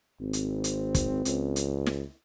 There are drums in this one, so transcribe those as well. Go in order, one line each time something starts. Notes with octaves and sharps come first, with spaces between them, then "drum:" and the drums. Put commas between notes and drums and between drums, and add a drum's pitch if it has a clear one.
G#1 C4
drum: hi-hat
drum: hi-hat
drum: kick, hi-hat
C#2, drum: hi-hat
drum: hi-hat
drum: snare